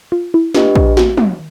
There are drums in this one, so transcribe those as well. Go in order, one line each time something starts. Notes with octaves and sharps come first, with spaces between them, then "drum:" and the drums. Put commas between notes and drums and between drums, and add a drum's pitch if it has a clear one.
F4
E4
D4 F4 G4 B4 D#5, drum: snare
drum: kick
F#4, drum: snare
drum: tom